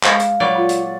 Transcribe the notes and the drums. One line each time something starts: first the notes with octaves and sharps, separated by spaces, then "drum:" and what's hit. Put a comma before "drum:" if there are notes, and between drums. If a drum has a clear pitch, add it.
G#3 F5, drum: clap
drum: hi-hat
A#2 F#3 D5 B5
F4
drum: hi-hat